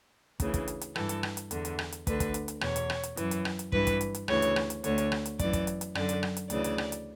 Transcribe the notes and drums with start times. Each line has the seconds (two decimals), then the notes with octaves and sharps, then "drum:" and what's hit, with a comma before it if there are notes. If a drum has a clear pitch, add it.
0.40 D2 C#3 E3, drum: kick, hi-hat
0.54 drum: kick, hi-hat
0.68 drum: hi-hat
0.81 drum: hi-hat
0.96 G2 E3 A4, drum: rim click
1.09 drum: hi-hat
1.23 drum: rim click
1.37 drum: hi-hat
1.51 E2 D3, drum: hi-hat
1.65 drum: hi-hat
1.79 drum: rim click
1.92 drum: hi-hat
2.07 D2 D3 B4, drum: kick, hi-hat
2.20 drum: kick, hi-hat
2.34 drum: hi-hat
2.48 drum: hi-hat
2.61 E2 B2 C#5, drum: rim click
2.76 drum: hi-hat
2.90 drum: rim click
3.03 drum: hi-hat
3.17 F#2 E3, drum: hi-hat
3.31 drum: hi-hat
3.45 drum: rim click
3.59 drum: hi-hat
3.72 G2 E3 B4, drum: kick
3.87 drum: kick, hi-hat
4.01 drum: hi-hat
4.15 drum: hi-hat
4.28 D2 C#3 E3 C#5, drum: rim click
4.42 drum: hi-hat
4.56 drum: rim click
4.70 drum: hi-hat
4.84 D2 D3 C#5, drum: hi-hat
4.98 drum: hi-hat
5.12 drum: rim click
5.26 drum: hi-hat
5.39 F#2 E3 D5, drum: kick, hi-hat
5.53 drum: kick, hi-hat
5.67 drum: hi-hat
5.81 drum: hi-hat
5.95 F#2 D3 D5, drum: rim click
6.09 drum: hi-hat
6.23 drum: rim click
6.37 drum: hi-hat
6.50 D2 C#3 E3 D5, drum: hi-hat
6.64 drum: hi-hat
6.78 drum: rim click
6.92 drum: hi-hat